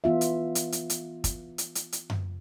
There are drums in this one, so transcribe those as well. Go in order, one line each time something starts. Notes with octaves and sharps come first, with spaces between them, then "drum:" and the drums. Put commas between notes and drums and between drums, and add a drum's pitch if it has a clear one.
E3 B3 F4 E5
drum: hi-hat
drum: hi-hat
drum: hi-hat
drum: hi-hat
drum: kick, hi-hat
drum: hi-hat
drum: hi-hat
drum: hi-hat
drum: tom F#2